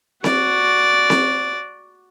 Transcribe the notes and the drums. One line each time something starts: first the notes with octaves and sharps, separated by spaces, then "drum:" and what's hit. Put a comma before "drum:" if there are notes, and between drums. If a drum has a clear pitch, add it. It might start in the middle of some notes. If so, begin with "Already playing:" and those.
F#4 D5, drum: snare C4
drum: snare C4